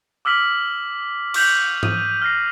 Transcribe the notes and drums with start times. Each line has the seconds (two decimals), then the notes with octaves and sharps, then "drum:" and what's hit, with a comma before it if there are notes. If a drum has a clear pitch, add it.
0.25 D6 E6 F6 B6 F#7
1.34 C#6 D6 G6 B6 F7 F#7, drum: cymbal
1.83 D#6 D#7, drum: tom G#2
2.22 F6 G6 A#6 C7